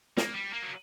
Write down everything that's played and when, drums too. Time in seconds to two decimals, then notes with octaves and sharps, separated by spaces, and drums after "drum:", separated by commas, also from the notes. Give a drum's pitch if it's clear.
0.17 A#3, drum: snare
0.35 G3
0.53 A#3
0.62 F#3